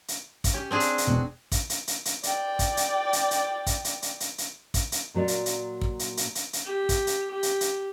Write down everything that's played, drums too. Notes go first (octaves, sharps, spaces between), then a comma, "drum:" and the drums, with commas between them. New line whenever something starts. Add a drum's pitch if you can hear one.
drum: hi-hat
drum: kick, hi-hat
C#4 G4
C4 D4 G#4
drum: hi-hat
drum: hi-hat
E1 B2 F#4
drum: kick, hi-hat
drum: hi-hat
drum: hi-hat
drum: hi-hat
D5 G5, drum: hi-hat
drum: kick, hi-hat
drum: hi-hat
drum: hi-hat
drum: hi-hat
drum: kick, hi-hat
drum: hi-hat
drum: hi-hat
drum: hi-hat
drum: hi-hat
drum: kick, hi-hat
drum: hi-hat
A#2 F#3 C#5 D5
drum: hi-hat
drum: hi-hat
drum: kick
drum: hi-hat
drum: hi-hat
drum: hi-hat
drum: hi-hat
G4
drum: kick, hi-hat
drum: hi-hat
G4
drum: hi-hat
drum: hi-hat